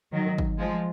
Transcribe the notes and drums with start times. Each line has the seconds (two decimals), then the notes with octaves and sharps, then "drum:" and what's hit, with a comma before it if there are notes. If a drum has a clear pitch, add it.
0.12 D#3 F#3
0.38 drum: kick
0.58 F3 G#3